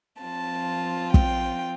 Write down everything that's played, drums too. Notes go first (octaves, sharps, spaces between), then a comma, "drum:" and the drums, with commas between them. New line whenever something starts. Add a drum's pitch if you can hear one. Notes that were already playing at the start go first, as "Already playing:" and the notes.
F3 C4 F4 A5
G5, drum: kick